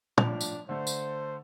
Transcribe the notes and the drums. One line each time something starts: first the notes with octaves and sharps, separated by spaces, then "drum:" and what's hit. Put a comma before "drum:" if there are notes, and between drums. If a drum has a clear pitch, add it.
A2 F3 D4 F7, drum: tom
drum: tambourine
D3 A3 C5
drum: tambourine